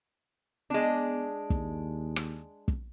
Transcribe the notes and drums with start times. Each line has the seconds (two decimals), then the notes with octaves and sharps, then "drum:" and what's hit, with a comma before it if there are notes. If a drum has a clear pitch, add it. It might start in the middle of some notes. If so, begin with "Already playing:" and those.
0.70 G#3 B3 D4
1.50 D#2, drum: kick
2.16 drum: rim click
2.68 drum: kick